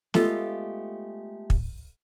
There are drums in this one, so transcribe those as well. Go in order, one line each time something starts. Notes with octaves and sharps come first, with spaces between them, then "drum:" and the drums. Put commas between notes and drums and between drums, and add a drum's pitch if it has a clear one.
G#3 A3 B3 F4 G4 A4, drum: snare
drum: kick